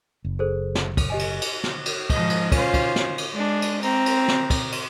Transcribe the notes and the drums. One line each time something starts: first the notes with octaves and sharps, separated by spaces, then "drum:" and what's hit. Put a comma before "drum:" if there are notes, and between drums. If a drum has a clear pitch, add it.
F#1
G#4 A4 C5
drum: snare
drum: kick, cymbal
G4 D#5 G#5
drum: cymbal
drum: cymbal
drum: snare
drum: cymbal
G#2 F3 D#5, drum: kick, cymbal
drum: cymbal
C#4 F4 C5, drum: kick, cymbal
drum: kick, cymbal
drum: snare
drum: cymbal
G#3 D4
drum: cymbal
C4 A#5, drum: cymbal
drum: cymbal
drum: snare
drum: kick, cymbal
drum: cymbal